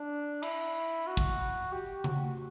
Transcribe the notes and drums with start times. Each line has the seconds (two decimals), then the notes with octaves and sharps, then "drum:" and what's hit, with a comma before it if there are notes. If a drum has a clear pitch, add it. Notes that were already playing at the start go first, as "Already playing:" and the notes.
Already playing: D4
0.42 E4, drum: cymbal
1.07 F#4
1.17 drum: kick
1.72 G4
2.04 F#4, drum: tom C#3